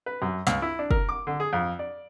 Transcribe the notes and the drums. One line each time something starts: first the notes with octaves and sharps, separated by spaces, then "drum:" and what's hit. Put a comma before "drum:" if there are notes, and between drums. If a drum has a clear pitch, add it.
B4
F#2
C#2, drum: snare
E4
D4
A#4, drum: kick
D6
D3
G#4
F2
D5